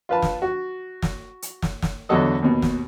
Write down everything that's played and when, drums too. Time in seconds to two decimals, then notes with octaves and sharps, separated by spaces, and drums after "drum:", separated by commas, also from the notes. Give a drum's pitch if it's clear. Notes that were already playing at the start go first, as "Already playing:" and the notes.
0.09 F4 B4 A5
0.22 drum: snare
0.42 F#4
1.02 drum: snare
1.42 drum: hi-hat
1.62 drum: snare
1.82 drum: snare
2.09 E2 D3 F#3 F#4 A4 D#5
2.42 D#2 B2
2.62 drum: snare